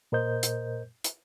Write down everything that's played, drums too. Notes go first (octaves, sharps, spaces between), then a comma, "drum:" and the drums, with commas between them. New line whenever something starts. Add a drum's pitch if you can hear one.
A#2 A#4 C5 D#5 G6
drum: hi-hat
drum: hi-hat